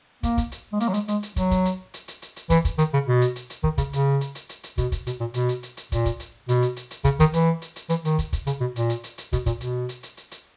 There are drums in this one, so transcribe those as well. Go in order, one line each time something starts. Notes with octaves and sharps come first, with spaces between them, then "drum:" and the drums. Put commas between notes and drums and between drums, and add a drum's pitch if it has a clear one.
A#3, drum: kick, hi-hat
drum: kick, hi-hat
drum: hi-hat
G#3
A#3, drum: hi-hat
F#3
G#3, drum: hi-hat
G#3, drum: hi-hat
drum: hi-hat
F#3, drum: kick, hi-hat
drum: kick, hi-hat
drum: hi-hat
drum: hi-hat
drum: hi-hat
drum: hi-hat
drum: hi-hat
E3, drum: kick, hi-hat
drum: kick, hi-hat
D#3, drum: hi-hat
C#3
B2
drum: hi-hat
drum: hi-hat
drum: hi-hat
D#3, drum: kick
C#3, drum: kick, hi-hat
C#3, drum: hi-hat
drum: hi-hat
drum: hi-hat
drum: hi-hat
drum: hi-hat
B2, drum: kick, hi-hat
drum: kick, hi-hat
B2, drum: hi-hat
A#2
B2, drum: hi-hat
drum: hi-hat
drum: hi-hat
drum: hi-hat
A#2, drum: kick, hi-hat
drum: kick, hi-hat
drum: hi-hat
B2, drum: hi-hat
drum: hi-hat
drum: hi-hat
drum: hi-hat
C#3, drum: kick, hi-hat
D#3, drum: kick, hi-hat
E3, drum: hi-hat
drum: hi-hat
drum: hi-hat
E3, drum: hi-hat
D#3, drum: hi-hat
drum: kick, hi-hat
drum: kick, hi-hat
C#3, drum: hi-hat
B2
A#2, drum: hi-hat
drum: hi-hat
drum: hi-hat
drum: hi-hat
B2, drum: kick, hi-hat
A#2, drum: kick, hi-hat
B2, drum: hi-hat
drum: hi-hat
drum: hi-hat
drum: hi-hat
drum: hi-hat